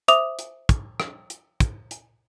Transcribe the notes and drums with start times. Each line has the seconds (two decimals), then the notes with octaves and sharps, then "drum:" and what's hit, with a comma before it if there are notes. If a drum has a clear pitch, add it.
0.08 C5 E5 D6 D#6 F7, drum: hi-hat
0.39 drum: hi-hat
0.69 drum: kick, hi-hat
1.00 drum: rim click
1.30 drum: hi-hat
1.60 drum: kick, hi-hat
1.91 drum: hi-hat